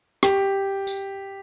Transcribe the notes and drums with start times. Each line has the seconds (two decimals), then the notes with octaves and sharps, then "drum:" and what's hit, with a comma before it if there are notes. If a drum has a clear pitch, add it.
0.23 G4, drum: rim click
0.87 drum: tambourine